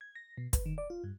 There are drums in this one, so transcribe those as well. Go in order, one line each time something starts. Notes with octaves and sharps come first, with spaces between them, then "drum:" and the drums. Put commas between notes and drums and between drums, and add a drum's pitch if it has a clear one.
G#6
A#6
B2
B4, drum: kick, hi-hat
D#3
D5
F4
G2